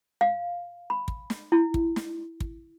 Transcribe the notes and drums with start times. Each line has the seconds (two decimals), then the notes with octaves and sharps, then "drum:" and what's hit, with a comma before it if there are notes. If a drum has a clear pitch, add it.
0.21 F5
0.90 B5
1.08 drum: kick
1.30 drum: snare
1.52 E4
1.74 drum: kick
1.96 drum: snare
2.40 drum: kick